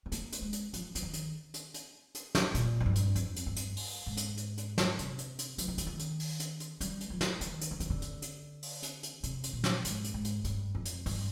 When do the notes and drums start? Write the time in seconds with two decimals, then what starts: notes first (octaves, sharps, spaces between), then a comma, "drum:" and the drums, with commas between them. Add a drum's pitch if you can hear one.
0.06 C4
0.12 A#3, drum: hi-hat
0.32 drum: hi-hat
0.42 G#3
0.52 drum: hi-hat
0.73 F3, drum: hi-hat
0.95 F3, drum: hi-hat
1.03 D#3
1.13 drum: hi-hat
1.54 drum: hi-hat
1.74 drum: hi-hat
2.14 drum: hi-hat
2.35 drum: snare
2.54 A#2, drum: hi-hat
2.80 F2
2.86 G2
2.95 drum: hi-hat
3.15 F2, drum: hi-hat
3.36 drum: hi-hat
3.46 G2
3.56 drum: hi-hat
3.76 drum: open hi-hat
4.06 G#2
4.17 drum: hi-hat
4.37 drum: hi-hat
4.57 drum: hi-hat
4.78 drum: snare
4.99 C3, drum: hi-hat
5.18 drum: hi-hat
5.38 drum: hi-hat
5.58 F3, drum: hi-hat
5.68 D#3
5.78 D3, drum: hi-hat
5.87 D#3
5.99 drum: hi-hat
6.19 drum: open hi-hat
6.40 drum: hi-hat
6.60 drum: hi-hat
6.80 G3, drum: hi-hat
7.00 drum: hi-hat
7.10 F3
7.21 drum: snare
7.41 D#3, drum: hi-hat
7.61 drum: hi-hat
7.71 D3
7.80 D#3, drum: hi-hat
7.90 D3
8.02 drum: hi-hat
8.22 drum: hi-hat
8.62 drum: open hi-hat
8.83 drum: hi-hat
9.03 drum: hi-hat
9.23 C3, drum: hi-hat
9.43 drum: hi-hat
9.53 A#2
9.64 drum: snare
9.85 G#2, drum: hi-hat
10.04 drum: hi-hat
10.14 G#2
10.24 drum: hi-hat
10.44 G2, drum: hi-hat
10.75 F2
10.85 drum: hi-hat
11.06 G2, drum: open hi-hat